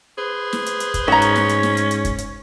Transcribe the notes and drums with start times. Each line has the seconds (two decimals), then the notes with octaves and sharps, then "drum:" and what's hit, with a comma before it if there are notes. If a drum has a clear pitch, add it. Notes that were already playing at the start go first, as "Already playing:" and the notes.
0.19 G#4 B4 C5
0.53 drum: snare
0.66 drum: hi-hat
0.80 drum: hi-hat
0.94 drum: kick, hi-hat
1.08 G#2 C#4 F#4 A#5
1.22 drum: hi-hat
1.35 drum: snare
1.49 drum: hi-hat
1.63 drum: snare
1.77 drum: hi-hat
1.91 drum: hi-hat
2.05 drum: kick, hi-hat
2.18 drum: hi-hat